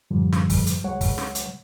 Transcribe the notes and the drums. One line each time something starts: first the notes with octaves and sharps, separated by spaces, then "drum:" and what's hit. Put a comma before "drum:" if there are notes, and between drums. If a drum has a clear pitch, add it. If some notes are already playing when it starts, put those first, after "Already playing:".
F#2 A2 D3 F3 G3
drum: snare
drum: kick, open hi-hat
drum: hi-hat
C#2 F#3 G#3 C#5 F#5
drum: kick, open hi-hat
drum: snare
drum: hi-hat